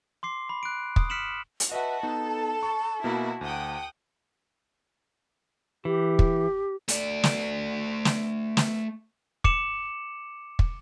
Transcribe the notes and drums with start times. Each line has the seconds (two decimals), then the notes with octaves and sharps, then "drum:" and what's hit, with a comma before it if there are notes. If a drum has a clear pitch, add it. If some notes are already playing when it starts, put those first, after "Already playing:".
0.23 C6 D6 C7
0.49 B5
0.63 F#6 D7
0.96 D#6, drum: kick
1.10 F6 B6 C#7 D7 E7 F#7
1.60 drum: hi-hat
1.72 F#4 B4 D#5 E5 F#5 A5
2.03 B3 D#4 A4
2.63 C#6
3.04 B2 A#3 E4 F#4
3.41 D2 F#5 G5 D#6
5.85 E3 G4
6.19 drum: kick
6.88 A3 D5, drum: hi-hat
7.24 drum: snare
8.05 drum: snare
8.57 drum: snare
9.44 D6 C#7 E7 F#7, drum: kick
10.59 drum: kick